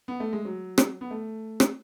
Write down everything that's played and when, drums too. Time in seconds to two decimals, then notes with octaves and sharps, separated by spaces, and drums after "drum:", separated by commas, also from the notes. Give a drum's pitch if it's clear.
0.08 B3
0.20 A3
0.33 G#3
0.45 F#3
0.78 drum: rim click
1.01 B3
1.11 A3
1.60 drum: rim click